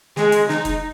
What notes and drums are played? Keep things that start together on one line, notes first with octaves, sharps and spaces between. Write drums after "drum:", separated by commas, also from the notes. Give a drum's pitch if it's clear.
G#3, drum: snare
drum: hi-hat
D#4, drum: snare
drum: kick F1, hi-hat